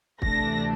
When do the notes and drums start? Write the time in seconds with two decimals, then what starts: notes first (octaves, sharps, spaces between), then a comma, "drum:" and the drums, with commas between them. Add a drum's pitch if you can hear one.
0.22 D2 C3 E3 A3 D4 A#6, drum: kick